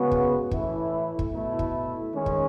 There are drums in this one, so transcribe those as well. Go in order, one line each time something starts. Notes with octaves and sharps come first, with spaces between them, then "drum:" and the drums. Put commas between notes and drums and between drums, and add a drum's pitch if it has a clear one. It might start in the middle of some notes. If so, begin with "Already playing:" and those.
Already playing: C#3 G#3 B3 F#4
drum: kick
A2 E3 A3 E4, drum: kick
drum: kick
B2 A3 E4
drum: kick
D#3 G#3 C#4
drum: kick